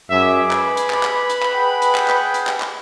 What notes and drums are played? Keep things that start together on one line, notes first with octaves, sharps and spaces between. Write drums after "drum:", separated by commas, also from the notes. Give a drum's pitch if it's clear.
F#2 G#3 G#4 E5 D6
B4 B5, drum: clap
drum: hi-hat
drum: clap
drum: clap
drum: hi-hat
drum: clap
G#4 F#5 G5
drum: hi-hat
drum: clap
drum: clap
drum: hi-hat
drum: clap
drum: clap